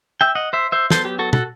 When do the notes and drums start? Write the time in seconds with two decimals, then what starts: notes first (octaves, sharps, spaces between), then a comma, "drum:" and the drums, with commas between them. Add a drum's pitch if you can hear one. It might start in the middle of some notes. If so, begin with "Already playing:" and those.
0.21 E5 G5
0.35 D#5 F#5
0.53 C5 E5
0.72 C5 E5
0.90 F#3 B3 A4 C5, drum: snare
1.05 G4
1.19 F#4 A4
1.33 F#4 A4, drum: tom